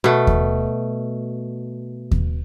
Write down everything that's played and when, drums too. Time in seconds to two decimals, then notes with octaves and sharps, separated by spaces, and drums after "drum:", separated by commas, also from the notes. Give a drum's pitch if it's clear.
0.04 B2 A3
0.27 drum: kick D#2
2.11 drum: kick D#2